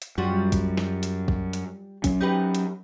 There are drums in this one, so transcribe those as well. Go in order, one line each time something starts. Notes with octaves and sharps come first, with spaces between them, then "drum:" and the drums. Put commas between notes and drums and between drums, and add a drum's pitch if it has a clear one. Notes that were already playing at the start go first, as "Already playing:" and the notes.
drum: hi-hat
F#2 G3 F4 F#4
drum: kick, hi-hat
drum: snare
drum: hi-hat
drum: kick
drum: hi-hat
F#3 C#4, drum: kick, hi-hat
D#4 G4 B4
drum: hi-hat